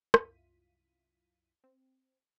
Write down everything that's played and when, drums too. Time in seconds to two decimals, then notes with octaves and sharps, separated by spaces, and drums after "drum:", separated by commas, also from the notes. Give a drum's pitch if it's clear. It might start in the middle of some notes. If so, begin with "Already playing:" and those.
0.14 C2 F#2 E4 F4 B6 D#7, drum: rim click
1.64 C4